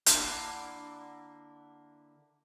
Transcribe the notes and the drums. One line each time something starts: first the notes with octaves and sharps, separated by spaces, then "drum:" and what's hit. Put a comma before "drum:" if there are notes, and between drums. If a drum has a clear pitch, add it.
D3 A#3 E4, drum: hi-hat